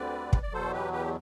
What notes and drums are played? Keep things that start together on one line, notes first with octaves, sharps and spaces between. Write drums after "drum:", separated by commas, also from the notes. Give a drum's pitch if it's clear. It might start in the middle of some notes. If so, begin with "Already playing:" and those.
Already playing: D2 D3 G3 C4 B4 D5
drum: kick
D5
E2 B2 F#3 A4 C5
G4 B4
G4 B4